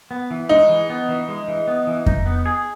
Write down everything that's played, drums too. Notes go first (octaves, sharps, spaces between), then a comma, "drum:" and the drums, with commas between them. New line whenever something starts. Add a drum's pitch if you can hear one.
B3
E3
G#3 D#4
E3
B3
E3
G#3
E3
B3
E3
D#4, drum: kick F2
B3
G#4